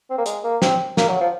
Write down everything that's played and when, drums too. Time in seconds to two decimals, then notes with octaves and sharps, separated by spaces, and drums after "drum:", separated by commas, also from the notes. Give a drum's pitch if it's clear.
0.10 C4
0.18 A#3
0.26 G#3, drum: hi-hat
0.44 A#3
0.62 C4, drum: snare
0.97 A#3, drum: snare
1.09 F#3
1.20 F3